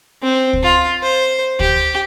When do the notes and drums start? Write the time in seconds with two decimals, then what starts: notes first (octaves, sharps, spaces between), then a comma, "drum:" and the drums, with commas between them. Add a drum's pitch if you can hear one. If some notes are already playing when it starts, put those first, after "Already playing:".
0.22 C4
0.53 drum: kick D2
0.63 F4
1.02 C5
1.60 G4, drum: kick D2